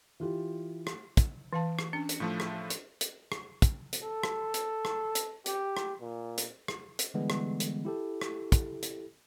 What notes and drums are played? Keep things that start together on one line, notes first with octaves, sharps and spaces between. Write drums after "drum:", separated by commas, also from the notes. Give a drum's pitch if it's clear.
E3 F4 G4
drum: rim click
drum: kick, hi-hat
E3 F5 A5
drum: rim click
C#4 D4 C#7
drum: hi-hat
A2 F3 A3
drum: rim click
drum: hi-hat
drum: hi-hat
drum: rim click
drum: kick, hi-hat
drum: hi-hat
A4
drum: rim click
drum: hi-hat
drum: rim click
drum: hi-hat
G4, drum: hi-hat
drum: rim click
A#2
drum: hi-hat
drum: rim click
drum: hi-hat
D3 E3 G3 G#3 B3
drum: rim click
drum: hi-hat
E4 G4 A4
drum: rim click
drum: kick, hi-hat
drum: hi-hat